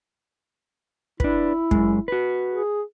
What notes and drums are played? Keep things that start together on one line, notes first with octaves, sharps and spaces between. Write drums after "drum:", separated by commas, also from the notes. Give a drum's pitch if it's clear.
D4 E4 B4, drum: kick
F#2 G#3, drum: kick
F#4 B4
G#4